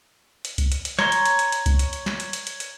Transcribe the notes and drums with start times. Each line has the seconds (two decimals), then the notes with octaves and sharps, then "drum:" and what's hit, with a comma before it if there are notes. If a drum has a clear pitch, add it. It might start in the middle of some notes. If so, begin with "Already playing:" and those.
0.45 drum: hi-hat
0.58 drum: kick C2, hi-hat
0.72 drum: hi-hat
0.85 drum: hi-hat
0.99 C#5 A#5 C6, drum: snare
1.12 drum: hi-hat
1.26 drum: hi-hat
1.39 drum: hi-hat
1.52 drum: hi-hat
1.66 drum: kick C2, hi-hat
1.79 drum: hi-hat
1.93 drum: hi-hat
2.06 drum: snare
2.20 drum: hi-hat
2.33 drum: hi-hat
2.47 drum: hi-hat
2.60 drum: hi-hat